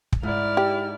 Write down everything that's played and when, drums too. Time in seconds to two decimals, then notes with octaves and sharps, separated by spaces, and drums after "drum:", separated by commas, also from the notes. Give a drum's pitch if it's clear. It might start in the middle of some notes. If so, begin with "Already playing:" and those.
0.12 drum: kick
0.23 G#2 E4 D5 F6
0.57 G4